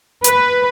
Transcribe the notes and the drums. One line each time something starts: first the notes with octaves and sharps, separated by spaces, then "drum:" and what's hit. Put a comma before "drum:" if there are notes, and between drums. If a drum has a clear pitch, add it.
B4, drum: hi-hat